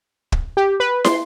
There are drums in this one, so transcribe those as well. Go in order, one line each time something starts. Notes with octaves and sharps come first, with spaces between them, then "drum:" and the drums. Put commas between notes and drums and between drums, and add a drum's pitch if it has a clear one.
drum: kick
G4
B4
C6, drum: snare